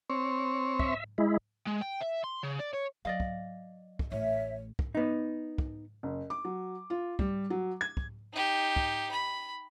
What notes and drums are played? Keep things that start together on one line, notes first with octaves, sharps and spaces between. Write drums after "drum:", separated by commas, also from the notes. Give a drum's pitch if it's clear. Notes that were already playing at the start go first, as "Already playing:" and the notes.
C4 C#5
E5, drum: kick
G#3 E4
G#3
G5
E5
C6
C#3
D5
C#5
F#3 D5 D#5 F5
drum: kick
drum: kick
A1 A2 C#5 E5
drum: kick
B3 D#4
drum: kick
F#1
D6
F#3
F4
G3, drum: kick
F#3
G#6
drum: kick
D#4 G4
drum: kick
B5